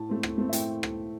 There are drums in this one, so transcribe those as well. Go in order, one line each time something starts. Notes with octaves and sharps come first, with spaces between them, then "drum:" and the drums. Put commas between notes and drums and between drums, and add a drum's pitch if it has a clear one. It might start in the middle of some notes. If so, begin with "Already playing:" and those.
Already playing: A2 A5
A3 C4
A2, drum: rim click
A3 C4
E5
A2 G5, drum: hi-hat
drum: rim click